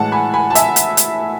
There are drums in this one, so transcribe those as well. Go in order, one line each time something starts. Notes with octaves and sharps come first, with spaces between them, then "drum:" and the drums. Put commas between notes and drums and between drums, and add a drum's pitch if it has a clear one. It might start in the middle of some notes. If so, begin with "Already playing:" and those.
Already playing: A2 E3 G#3 F#5 A5
G#5 B5
G#5 B5
A5
E5 G#5, drum: hi-hat
drum: hi-hat
drum: hi-hat